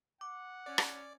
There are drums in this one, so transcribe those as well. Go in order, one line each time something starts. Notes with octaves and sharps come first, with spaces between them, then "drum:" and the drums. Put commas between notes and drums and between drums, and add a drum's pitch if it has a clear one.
F#5 D6
C#4 D5
drum: rim click